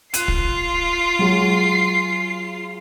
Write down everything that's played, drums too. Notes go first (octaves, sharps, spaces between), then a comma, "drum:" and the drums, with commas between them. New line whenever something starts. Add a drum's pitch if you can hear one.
F4 F#6 C7 D#7, drum: hi-hat
drum: kick
F#3 G#3